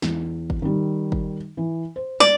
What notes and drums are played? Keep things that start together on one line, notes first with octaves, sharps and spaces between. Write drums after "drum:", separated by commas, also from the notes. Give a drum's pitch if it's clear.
E2, drum: snare
drum: kick G1
D#3 G3
drum: kick G1
E3
C5
D5 D6, drum: snare